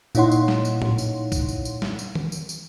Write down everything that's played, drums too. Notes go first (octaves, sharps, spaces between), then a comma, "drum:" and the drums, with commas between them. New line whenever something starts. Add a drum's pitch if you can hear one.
A#2 D#4 E4 C#5 F#5 C6, drum: tambourine
drum: tambourine
drum: snare
drum: tambourine
drum: tom A2
drum: tambourine
drum: kick, tambourine
drum: tambourine
drum: tambourine
drum: snare
drum: tambourine
drum: tom D#3
drum: tambourine
drum: tambourine